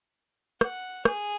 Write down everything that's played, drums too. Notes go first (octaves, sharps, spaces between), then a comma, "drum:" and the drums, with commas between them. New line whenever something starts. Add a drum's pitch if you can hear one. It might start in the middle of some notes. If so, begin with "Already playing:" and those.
F#5, drum: rim click
G#4, drum: rim click